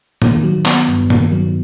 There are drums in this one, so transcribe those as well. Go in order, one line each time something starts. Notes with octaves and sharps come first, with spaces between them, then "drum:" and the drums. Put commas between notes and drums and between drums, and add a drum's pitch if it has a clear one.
D#3, drum: tom A2
F#3
B3, drum: clap
G2
D#3, drum: tom A2
F#3